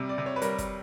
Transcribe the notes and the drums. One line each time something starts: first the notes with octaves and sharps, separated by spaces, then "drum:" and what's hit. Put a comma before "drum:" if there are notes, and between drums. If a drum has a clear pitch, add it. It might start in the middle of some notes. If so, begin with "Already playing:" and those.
Already playing: C3 G3
D5
C3
C#5
B4
G3 A#4, drum: hi-hat
drum: kick, hi-hat